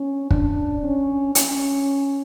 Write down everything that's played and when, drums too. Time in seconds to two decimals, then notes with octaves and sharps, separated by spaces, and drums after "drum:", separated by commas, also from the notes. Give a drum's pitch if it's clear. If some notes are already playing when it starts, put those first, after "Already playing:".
Already playing: C#4
0.30 D4, drum: kick
0.84 C#4
1.35 C#4, drum: hi-hat